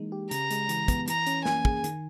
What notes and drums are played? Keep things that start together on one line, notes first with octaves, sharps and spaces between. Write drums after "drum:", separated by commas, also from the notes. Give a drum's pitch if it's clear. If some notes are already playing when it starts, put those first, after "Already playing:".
Already playing: E3 G#3 A#3 D#4
G4
C#3 A#5, drum: hi-hat
G#3, drum: hi-hat
E3, drum: hi-hat
B3, drum: kick, hi-hat
E3 A#5, drum: hi-hat
C#4, drum: hi-hat
A#3 G#5, drum: snare
G#4, drum: kick
D#3, drum: hi-hat